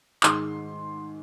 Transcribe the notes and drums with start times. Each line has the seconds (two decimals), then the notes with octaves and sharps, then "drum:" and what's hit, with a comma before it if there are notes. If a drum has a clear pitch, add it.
0.23 G#2 D#3 G#3 C6, drum: clap